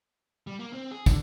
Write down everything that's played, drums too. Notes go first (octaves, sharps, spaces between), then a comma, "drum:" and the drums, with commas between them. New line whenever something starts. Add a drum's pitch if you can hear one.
G3
A#3
C4
G#4
D3, drum: kick, tambourine